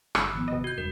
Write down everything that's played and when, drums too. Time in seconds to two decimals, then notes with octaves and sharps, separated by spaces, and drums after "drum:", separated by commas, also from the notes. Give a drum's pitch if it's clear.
0.15 G1 B5 E6 F#6, drum: rim click
0.33 G#1 F3 B3
0.48 C3 D#5
0.64 F#4 G6
0.78 E1 G2 A#4